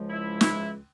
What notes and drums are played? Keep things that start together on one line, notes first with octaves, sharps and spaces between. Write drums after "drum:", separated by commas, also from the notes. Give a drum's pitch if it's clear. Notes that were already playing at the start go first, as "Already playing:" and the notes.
Already playing: C#2 C#3 F3 G#3
E4
E4, drum: snare